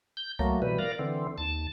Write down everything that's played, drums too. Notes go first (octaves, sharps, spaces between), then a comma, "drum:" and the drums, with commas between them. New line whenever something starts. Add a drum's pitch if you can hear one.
G6
F#3 A3 A#3, drum: kick C2
B2 E3 G3 B4
A#4 D5 F5
D3 E3 C4
D#2 A5